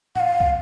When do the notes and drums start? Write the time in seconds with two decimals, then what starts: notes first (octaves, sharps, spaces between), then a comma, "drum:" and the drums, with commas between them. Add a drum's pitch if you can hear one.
0.16 F#5, drum: tom A2
0.20 F5
0.40 drum: kick